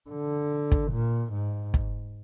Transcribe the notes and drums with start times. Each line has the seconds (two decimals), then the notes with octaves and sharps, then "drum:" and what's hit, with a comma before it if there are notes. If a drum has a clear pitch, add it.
0.10 D3
0.72 drum: kick
0.92 A#2
1.33 G#2
1.74 drum: kick